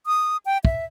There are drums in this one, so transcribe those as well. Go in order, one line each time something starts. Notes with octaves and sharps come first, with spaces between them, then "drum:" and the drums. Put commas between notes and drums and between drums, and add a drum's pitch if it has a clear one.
D#6
G5
E5, drum: kick